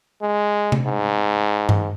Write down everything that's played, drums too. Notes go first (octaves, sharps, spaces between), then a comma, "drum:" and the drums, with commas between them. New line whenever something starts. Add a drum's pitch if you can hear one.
G#3
drum: tom C3
G#2
drum: tom G2